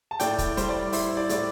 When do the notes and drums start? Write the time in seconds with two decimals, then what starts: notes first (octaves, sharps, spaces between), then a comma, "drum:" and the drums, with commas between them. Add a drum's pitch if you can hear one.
0.11 A5
0.20 A2 D5 G5, drum: hi-hat
0.38 drum: kick, hi-hat
0.57 G3 C5, drum: hi-hat
0.69 D5
0.93 E4 C5, drum: open hi-hat
1.17 D5
1.29 A2 D5, drum: hi-hat